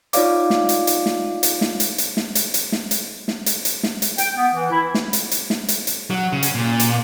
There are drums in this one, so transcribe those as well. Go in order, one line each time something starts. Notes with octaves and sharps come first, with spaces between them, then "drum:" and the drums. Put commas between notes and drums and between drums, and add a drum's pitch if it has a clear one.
D#4 F4 C#5 D5 F5 D6, drum: hi-hat
drum: snare
drum: hi-hat
drum: hi-hat
drum: snare
drum: hi-hat
drum: snare
drum: hi-hat
drum: hi-hat
drum: snare
drum: hi-hat
drum: hi-hat
drum: snare
drum: hi-hat
drum: snare
drum: hi-hat
drum: hi-hat
drum: snare
drum: hi-hat
G5, drum: hi-hat
B3
E3
E4
drum: snare
drum: hi-hat
drum: hi-hat
drum: snare
drum: hi-hat
drum: hi-hat
F#3
C#3
drum: hi-hat
A#2
drum: hi-hat